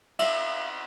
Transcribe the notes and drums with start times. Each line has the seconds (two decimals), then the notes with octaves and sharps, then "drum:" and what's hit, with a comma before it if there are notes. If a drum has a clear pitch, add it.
0.19 E5 F5, drum: cymbal